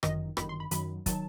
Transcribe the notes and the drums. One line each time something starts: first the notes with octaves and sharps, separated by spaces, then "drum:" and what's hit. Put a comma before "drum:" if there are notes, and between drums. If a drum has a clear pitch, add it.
G1 F#2 D#3 D#5, drum: rim click
G1 F#2 D#3 B5, drum: rim click
C6
B5
F#2 D#3 F#3 B5, drum: hi-hat
D#3 F#3 A5, drum: kick, hi-hat